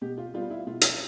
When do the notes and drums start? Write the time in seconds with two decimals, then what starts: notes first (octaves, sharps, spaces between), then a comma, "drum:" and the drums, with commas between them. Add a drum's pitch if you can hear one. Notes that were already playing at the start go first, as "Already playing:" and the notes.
0.01 B2 G4
0.18 F4
0.34 G3 B3 F4
0.50 E4
0.66 B2 F4
0.81 drum: hi-hat